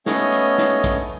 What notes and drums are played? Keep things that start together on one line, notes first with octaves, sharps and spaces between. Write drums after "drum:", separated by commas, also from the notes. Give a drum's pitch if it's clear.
A3 B3 C#4 C#5 D#5, drum: snare
drum: hi-hat
drum: snare
drum: kick, hi-hat